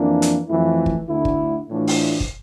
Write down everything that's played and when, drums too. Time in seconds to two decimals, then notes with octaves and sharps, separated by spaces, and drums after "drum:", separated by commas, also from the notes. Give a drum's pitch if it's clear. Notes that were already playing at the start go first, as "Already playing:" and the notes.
Already playing: F2 E3 A#3 D4
0.22 drum: hi-hat
0.48 F2 E3 A3 E4
0.86 drum: kick
1.08 D2 D3 A3 E4
1.25 drum: kick
1.69 A2 E3 A3 D4 F4
1.88 drum: open hi-hat
2.21 drum: kick